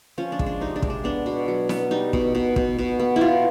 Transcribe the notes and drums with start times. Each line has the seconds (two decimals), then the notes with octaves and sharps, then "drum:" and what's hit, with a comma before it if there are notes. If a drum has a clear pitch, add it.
0.18 F3 C#4
0.32 D4
0.39 G#3, drum: kick
0.46 D4
0.61 C3 D#4
0.76 D4
0.82 G#3, drum: kick
0.90 D4
1.04 B3 D4
1.26 B2
1.48 F#3
1.69 B3, drum: snare E4
1.91 G3 D#4
2.13 B2, drum: kick
2.35 B2
2.56 B2, drum: kick
2.79 B2
3.00 B3
3.16 E4
3.21 B2 F4